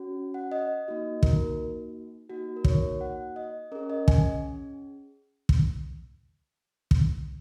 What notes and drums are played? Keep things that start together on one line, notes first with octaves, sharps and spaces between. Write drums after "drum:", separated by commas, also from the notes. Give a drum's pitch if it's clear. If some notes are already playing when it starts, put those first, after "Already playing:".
Already playing: C#4 F#4
F#5
D#5
A#3 D#4 F#4
A#4, drum: kick
A#3 D#4 F#4
A#4
C#5, drum: kick
F#5
D#5
C#4 G#4 A#4
D#5
G#5, drum: kick
drum: kick
drum: kick